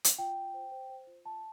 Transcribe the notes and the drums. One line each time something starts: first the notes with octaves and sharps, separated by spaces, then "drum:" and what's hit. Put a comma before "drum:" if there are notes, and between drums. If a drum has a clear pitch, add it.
drum: hi-hat
F4 G5
F4
C5
C5
C5
F4
F4 A5